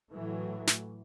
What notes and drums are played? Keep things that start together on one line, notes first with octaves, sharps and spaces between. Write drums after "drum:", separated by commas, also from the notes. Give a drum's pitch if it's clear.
A2 E3 F#3 A3
drum: snare